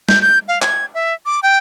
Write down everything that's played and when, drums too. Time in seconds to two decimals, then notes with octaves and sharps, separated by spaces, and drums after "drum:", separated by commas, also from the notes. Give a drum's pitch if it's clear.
0.09 G6, drum: snare
0.22 G6
0.48 F5
0.62 G#6, drum: clap
0.94 E5
1.26 D6
1.43 G5